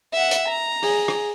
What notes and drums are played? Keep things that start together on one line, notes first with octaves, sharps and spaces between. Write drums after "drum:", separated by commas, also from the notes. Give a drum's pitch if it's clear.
E5 F#5
drum: hi-hat
A#5
G#4, drum: open hi-hat
drum: rim click